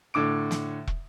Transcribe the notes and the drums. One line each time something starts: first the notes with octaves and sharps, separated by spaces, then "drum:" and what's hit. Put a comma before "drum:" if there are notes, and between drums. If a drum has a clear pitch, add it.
A2 D3 D6 D7
drum: snare
drum: kick